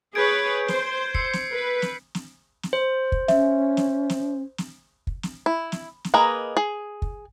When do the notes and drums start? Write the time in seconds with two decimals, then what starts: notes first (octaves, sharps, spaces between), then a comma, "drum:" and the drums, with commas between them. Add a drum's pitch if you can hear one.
0.15 G#4 B4 C#5 G6 G#6 D7
0.68 C5, drum: snare
1.14 E6 C7 C#7, drum: kick
1.33 drum: snare
1.53 B4
1.82 drum: snare
2.15 drum: snare
2.63 drum: snare
2.73 C5
3.12 drum: kick
3.28 C#4 E5, drum: snare
3.77 drum: snare
4.10 drum: snare
4.58 drum: snare
5.07 drum: kick
5.23 drum: snare
5.46 E4
5.72 drum: snare
6.04 drum: snare
6.14 A#3 G#4 B4 D#5 A#5
6.57 G#4
7.02 drum: kick